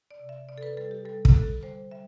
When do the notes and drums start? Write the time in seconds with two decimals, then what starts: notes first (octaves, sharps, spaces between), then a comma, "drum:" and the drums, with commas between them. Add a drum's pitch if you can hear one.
0.11 D5
0.20 C3
0.29 E5
0.49 C3 D5
0.58 A4
0.63 B4
0.77 G3 A4
0.91 G4
1.05 G3 A4
1.25 drum: kick
1.34 D3 A4
1.63 G3 C5
1.91 G3 E5